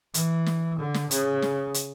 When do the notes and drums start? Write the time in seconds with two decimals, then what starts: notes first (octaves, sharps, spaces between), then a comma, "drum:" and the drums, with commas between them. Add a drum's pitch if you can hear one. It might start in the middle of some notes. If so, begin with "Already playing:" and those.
0.14 E3, drum: hi-hat
0.46 drum: snare
0.79 D3
0.94 drum: snare
1.11 C#3, drum: hi-hat
1.42 drum: snare
1.74 drum: hi-hat